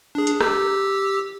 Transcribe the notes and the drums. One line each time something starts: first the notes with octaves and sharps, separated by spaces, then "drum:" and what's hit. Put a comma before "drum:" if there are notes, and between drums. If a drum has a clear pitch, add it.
D4 G#4
drum: hi-hat
G4 E6, drum: rim click